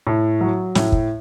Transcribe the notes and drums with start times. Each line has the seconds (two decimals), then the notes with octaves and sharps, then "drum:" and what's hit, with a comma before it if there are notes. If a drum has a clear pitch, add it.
0.07 A2
0.41 F#3
0.75 A2, drum: snare
0.92 drum: kick